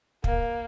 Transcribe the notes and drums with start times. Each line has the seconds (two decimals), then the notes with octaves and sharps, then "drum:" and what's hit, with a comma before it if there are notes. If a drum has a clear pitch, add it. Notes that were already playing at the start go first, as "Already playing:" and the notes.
0.24 A#3, drum: kick